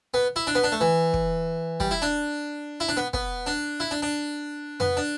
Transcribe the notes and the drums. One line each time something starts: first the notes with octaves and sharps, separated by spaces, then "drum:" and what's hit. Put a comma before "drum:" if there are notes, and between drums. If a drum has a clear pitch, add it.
B3
E4
D4
B3
D4
A3
E3
drum: kick
G3, drum: kick
E4
D4
E4
D4
B3
B3, drum: kick
D4
E4
D4
D4
B3, drum: tom F2
D4